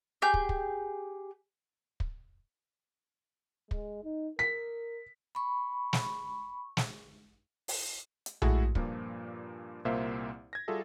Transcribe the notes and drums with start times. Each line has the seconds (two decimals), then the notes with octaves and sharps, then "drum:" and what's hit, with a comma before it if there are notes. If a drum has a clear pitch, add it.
0.22 G4 G#4 G6
0.34 drum: kick
0.49 drum: kick
2.00 drum: kick
3.71 G#3, drum: kick
4.04 D#4
4.39 A#4 B6
5.35 B5 C#6
5.93 drum: snare
6.77 drum: snare
7.68 drum: open hi-hat
8.26 drum: hi-hat
8.42 G#3 A3 E4 F#4 G#4 A4, drum: tom A#1
8.75 G2 A#2 F3 A#3, drum: kick
9.85 C2 A#2 A#3 C5 E5 F5
10.53 G#6 A#6
10.68 G3 F4 F#4 G#4 A4 E5